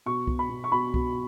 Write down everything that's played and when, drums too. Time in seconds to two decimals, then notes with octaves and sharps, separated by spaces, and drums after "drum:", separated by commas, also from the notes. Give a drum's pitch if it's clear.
0.06 B2 C#6
0.27 B2, drum: kick C2
0.39 B5
0.49 B2
0.64 C#6
0.72 B2 B5
0.94 B2, drum: kick C2